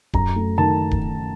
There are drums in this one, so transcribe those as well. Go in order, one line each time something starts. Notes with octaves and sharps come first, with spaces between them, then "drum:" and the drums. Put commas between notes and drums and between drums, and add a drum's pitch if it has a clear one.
F#2 A#5, drum: kick D1
A3
D#3 A5
drum: kick D1